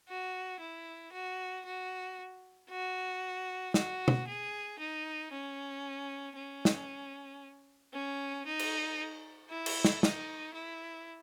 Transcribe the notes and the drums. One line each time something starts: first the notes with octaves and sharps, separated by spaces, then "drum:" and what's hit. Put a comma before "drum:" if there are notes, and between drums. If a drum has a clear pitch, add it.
F#4
E4
F#4
F#4
F#4
F#4, drum: snare
drum: tom
G#4
D#4
C#4
C#4
drum: snare
C#4
D#4
drum: cymbal
E4
drum: cymbal
drum: snare
D#4, drum: snare
E4